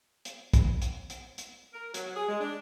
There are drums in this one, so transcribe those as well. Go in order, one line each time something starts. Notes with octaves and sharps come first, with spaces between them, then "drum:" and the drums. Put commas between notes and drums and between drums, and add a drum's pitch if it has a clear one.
drum: hi-hat
drum: kick, hi-hat
drum: hi-hat
drum: hi-hat
drum: hi-hat
A#4
F#3, drum: hi-hat
G#4
G#3
D4